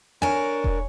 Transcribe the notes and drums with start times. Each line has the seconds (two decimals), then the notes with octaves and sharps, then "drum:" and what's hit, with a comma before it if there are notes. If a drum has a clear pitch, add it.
0.22 D4 A#4 C#5 G#5
0.64 drum: kick E1